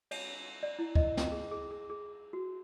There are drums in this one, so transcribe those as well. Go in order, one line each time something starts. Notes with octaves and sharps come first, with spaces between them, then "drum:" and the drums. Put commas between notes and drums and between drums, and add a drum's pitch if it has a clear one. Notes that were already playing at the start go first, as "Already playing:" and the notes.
C#5, drum: cymbal
D5
E4
D#5, drum: kick C#2
G5, drum: snare
G#4
G#4
G#4
G#4
F#4